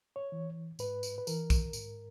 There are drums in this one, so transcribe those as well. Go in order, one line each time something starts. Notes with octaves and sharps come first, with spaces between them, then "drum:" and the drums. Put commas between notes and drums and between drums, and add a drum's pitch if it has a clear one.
C#5
E3
G#2 B4, drum: tambourine
drum: tambourine
B4
E3 A#4, drum: tambourine
drum: kick, tambourine
G#2, drum: tambourine